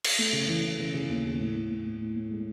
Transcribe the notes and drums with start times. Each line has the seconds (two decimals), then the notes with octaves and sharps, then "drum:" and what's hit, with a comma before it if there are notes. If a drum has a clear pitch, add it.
0.04 drum: cymbal
0.18 A3
0.33 C#3
0.48 E3
0.63 E3
0.79 C#3
0.94 C#3
1.09 D#2
1.25 C#3
1.39 A2
1.56 A2
1.71 A2
1.85 A2
2.01 A2
2.16 A2
2.31 G#3